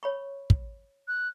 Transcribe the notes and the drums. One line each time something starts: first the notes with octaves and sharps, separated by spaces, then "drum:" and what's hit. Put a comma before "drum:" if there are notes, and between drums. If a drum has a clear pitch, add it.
C#5 B5 C#6
drum: kick
F#6